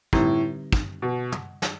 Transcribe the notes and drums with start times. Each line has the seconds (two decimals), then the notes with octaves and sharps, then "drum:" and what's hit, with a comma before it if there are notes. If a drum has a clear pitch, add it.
0.13 A2 D3 G3 C4 D#4 G4, drum: kick
0.73 drum: kick
1.02 B2
1.32 drum: tom
1.62 drum: snare